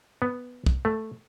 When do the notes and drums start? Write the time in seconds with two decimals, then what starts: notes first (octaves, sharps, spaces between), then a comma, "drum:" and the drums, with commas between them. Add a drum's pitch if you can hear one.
0.22 B3
0.66 drum: kick
0.85 A3